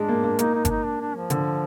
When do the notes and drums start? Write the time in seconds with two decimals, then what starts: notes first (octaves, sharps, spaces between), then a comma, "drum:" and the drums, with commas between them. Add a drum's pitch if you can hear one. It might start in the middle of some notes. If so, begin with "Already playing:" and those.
Already playing: G#3 D4
0.08 A#3
0.24 A#3
0.39 A#3 D#4, drum: hi-hat
0.54 D#4
0.65 D4, drum: kick G1, hi-hat
0.70 D#4
0.84 D4
1.01 D4
1.16 F3
1.30 D3, drum: hi-hat